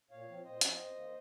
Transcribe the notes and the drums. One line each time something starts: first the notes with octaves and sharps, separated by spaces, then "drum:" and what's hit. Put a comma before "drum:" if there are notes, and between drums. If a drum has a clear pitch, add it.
A#2 C#5 F5
F3 C4
A#2 C5 D#5
F3 C4, drum: hi-hat
F2
D#3 A#3